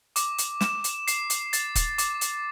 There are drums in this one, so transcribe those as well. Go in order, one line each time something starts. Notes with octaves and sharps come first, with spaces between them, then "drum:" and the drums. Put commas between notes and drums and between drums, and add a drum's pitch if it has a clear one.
D6, drum: hi-hat
drum: hi-hat
E7, drum: snare
drum: hi-hat
C7, drum: hi-hat
drum: hi-hat
A6, drum: hi-hat
drum: kick, hi-hat
D6, drum: hi-hat
drum: hi-hat